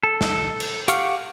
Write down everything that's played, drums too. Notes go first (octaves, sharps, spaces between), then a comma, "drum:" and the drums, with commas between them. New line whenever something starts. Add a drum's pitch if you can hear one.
A4
drum: snare
drum: cymbal
G4 F5 F#5 C#6 F6, drum: hi-hat